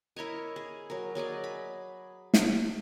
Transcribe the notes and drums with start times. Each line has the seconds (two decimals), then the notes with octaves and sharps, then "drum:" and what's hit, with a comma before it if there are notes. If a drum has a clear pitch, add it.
0.16 E4 A#4 C#5 D#5
0.56 G#4
0.90 F#3 A#4
1.15 F#3 G#4 D5 D#5
1.44 B5
2.34 drum: snare